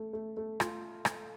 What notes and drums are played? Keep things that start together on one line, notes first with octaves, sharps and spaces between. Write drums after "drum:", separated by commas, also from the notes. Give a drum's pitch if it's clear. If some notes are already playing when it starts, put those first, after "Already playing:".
Already playing: A3 A4
A3
A3
F4, drum: rim click
drum: rim click